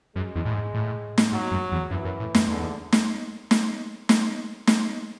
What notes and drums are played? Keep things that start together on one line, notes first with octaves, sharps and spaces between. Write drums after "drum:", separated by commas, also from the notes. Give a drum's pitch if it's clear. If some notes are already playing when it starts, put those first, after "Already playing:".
F#2 G#3
E2
A2
G#2
A2
drum: snare
G#2 F#3
F#2
E2
F#2 E3
F#2
A2
F#2, drum: snare
E2 D3
drum: snare
drum: snare
drum: snare
drum: snare